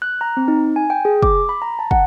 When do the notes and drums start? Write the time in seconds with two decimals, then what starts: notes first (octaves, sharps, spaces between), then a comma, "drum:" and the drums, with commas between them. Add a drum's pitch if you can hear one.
0.02 F#6
0.21 A#5
0.37 C4
0.48 D#4
0.76 G#5
0.90 G5
1.05 G#4
1.23 D6, drum: kick
1.49 B5
1.62 A#5
1.79 A5
1.91 F#5, drum: kick